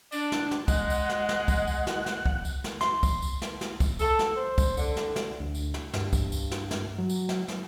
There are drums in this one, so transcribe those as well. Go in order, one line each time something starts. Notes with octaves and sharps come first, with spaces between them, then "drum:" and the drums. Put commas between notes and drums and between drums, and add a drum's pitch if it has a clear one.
D4 D5, drum: tambourine
drum: snare
drum: snare
G#3 D#5 F#5, drum: kick, tambourine
drum: tambourine
drum: snare
drum: snare
drum: kick, tambourine
drum: tambourine
drum: snare
drum: snare
drum: kick
drum: tambourine
drum: snare
C6, drum: snare
drum: kick, tambourine
drum: tambourine
drum: snare
drum: snare
drum: kick, tambourine
A4, drum: tambourine
drum: snare
C5
drum: kick, tambourine
D3, drum: tambourine
drum: snare
drum: snare
D2
drum: tambourine
drum: snare
G2, drum: snare
drum: kick, tambourine
drum: tambourine
drum: snare
drum: snare
F#3
drum: tambourine
drum: snare
drum: snare